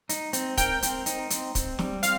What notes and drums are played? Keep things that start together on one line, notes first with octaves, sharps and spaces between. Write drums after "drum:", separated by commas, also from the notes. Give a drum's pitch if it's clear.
D#4, drum: hi-hat
C4, drum: hi-hat
A#4 G5, drum: kick, hi-hat
C4, drum: hi-hat
D#4, drum: hi-hat
C4, drum: hi-hat
C4, drum: kick, hi-hat
G3, drum: snare
C4 F5, drum: hi-hat